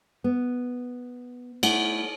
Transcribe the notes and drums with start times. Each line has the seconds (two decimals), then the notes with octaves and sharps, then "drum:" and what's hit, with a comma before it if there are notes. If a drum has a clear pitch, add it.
0.24 B3
1.63 A3 E4 F#5, drum: cymbal